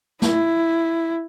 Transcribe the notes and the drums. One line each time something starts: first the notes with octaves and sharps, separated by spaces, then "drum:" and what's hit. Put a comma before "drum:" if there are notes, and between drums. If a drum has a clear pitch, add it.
E4, drum: snare